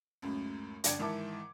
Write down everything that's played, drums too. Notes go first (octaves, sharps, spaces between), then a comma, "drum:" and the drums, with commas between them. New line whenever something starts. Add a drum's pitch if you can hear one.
C#2 F#2 A2
G1 D3 D5 G5 G#6 C#7, drum: hi-hat
G#2 D#3 E3 E5 A5 D6